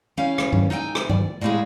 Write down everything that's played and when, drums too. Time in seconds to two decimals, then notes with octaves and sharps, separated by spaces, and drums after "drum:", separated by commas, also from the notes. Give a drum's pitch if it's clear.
0.17 G3 C#4 E4 F5
0.38 drum: rim click
0.53 drum: tom G2
0.70 D#4 A4 E5 G5 G#5
0.95 drum: rim click
1.09 D5, drum: tom G2
1.41 A2 G3 G#3 A#3 E4 G#4